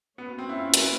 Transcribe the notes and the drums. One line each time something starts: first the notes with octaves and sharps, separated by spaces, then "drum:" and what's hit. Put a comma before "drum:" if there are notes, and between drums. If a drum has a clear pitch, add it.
A#3 B3 C#4 F#4
C4
E4
F4
A#4, drum: hi-hat
B4